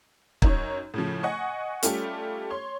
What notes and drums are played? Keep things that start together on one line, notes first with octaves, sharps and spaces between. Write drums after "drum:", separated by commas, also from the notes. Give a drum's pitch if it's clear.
F#2 D#4 C#5, drum: kick
A2 C#3 F3
D#5 F#5 G#5 C#6
G3 A3 C#4 F4 G4 A4, drum: hi-hat
C#5 C6